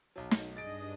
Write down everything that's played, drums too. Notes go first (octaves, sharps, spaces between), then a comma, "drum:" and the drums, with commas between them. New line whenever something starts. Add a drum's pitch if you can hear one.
B1 F#3
drum: snare
G2 D4 D#4 G#4 D#5 D#6 A6 D7